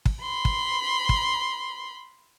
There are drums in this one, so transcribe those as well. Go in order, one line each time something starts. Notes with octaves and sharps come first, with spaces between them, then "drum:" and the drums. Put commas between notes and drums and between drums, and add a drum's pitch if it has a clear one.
drum: kick
B5 C6
drum: kick
drum: kick